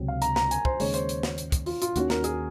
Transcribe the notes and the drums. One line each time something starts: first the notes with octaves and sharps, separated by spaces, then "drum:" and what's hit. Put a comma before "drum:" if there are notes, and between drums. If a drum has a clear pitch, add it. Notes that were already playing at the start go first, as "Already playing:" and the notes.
Already playing: C#2 C3 F#3 C4
F5
A#5, drum: hi-hat
A#5, drum: snare
G#5, drum: hi-hat
C5, drum: kick
D#2 C#3 G#3 C#5, drum: open hi-hat
C5, drum: hi-hat
drum: hi-hat
drum: snare
drum: hi-hat
drum: kick, hi-hat
F4, drum: open hi-hat
F4, drum: hi-hat
D#2 D#3 A#3 C#4 F#4, drum: hi-hat
A#4, drum: snare
G#4, drum: hi-hat